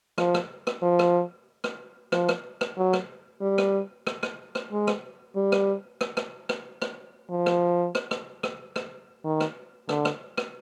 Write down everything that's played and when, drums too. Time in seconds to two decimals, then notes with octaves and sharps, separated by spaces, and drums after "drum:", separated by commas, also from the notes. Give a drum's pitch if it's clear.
0.18 F3, drum: rim click
0.34 drum: rim click
0.67 drum: rim click
0.83 F3
0.99 drum: rim click
1.64 drum: rim click
2.12 F3, drum: rim click
2.29 drum: rim click
2.61 drum: rim click
2.77 F#3
2.93 drum: rim click
3.41 G3
3.58 drum: rim click
4.07 drum: rim click
4.23 drum: rim click
4.55 drum: rim click
4.72 G#3
4.87 drum: rim click
5.36 G3
5.52 drum: rim click
6.01 drum: rim click
6.17 drum: rim click
6.49 drum: rim click
6.82 drum: rim click
7.30 F3
7.46 drum: rim click
7.95 drum: rim click
8.11 drum: rim click
8.43 drum: rim click
8.76 drum: rim click
9.24 D#3
9.40 drum: rim click
9.89 D3, drum: rim click
10.05 drum: rim click
10.37 drum: rim click